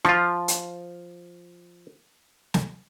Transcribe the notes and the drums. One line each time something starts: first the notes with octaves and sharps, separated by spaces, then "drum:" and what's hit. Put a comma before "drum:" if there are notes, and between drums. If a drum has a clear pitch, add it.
F3 F4, drum: rim click
drum: hi-hat
drum: snare